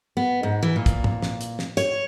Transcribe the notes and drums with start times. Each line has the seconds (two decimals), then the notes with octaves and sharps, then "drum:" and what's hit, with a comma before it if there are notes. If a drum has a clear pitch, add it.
0.17 B3
0.43 G#2
0.63 E3
0.76 A#2
0.86 drum: kick, hi-hat
1.04 drum: tom
1.22 drum: snare
1.41 drum: hi-hat
1.59 drum: snare
1.77 C#5, drum: hi-hat